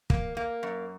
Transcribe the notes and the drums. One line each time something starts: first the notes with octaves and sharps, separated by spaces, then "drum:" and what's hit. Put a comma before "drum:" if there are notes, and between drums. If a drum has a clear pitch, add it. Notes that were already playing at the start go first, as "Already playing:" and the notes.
A#3, drum: kick
A#3
F#2